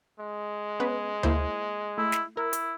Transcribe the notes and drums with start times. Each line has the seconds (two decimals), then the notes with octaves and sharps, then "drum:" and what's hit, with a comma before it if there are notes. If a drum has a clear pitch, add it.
0.20 G#3
0.80 B3 C#4 B4
1.23 A#3 E4 C5, drum: tom D2
1.98 A3 E4
2.12 drum: snare
2.37 E4 A#4
2.53 drum: hi-hat